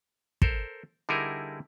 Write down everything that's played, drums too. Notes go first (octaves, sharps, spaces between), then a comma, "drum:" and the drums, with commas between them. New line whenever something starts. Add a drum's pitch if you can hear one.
A4 A#4 C5, drum: kick
D3 G3 D#4 E4 G#4 A#4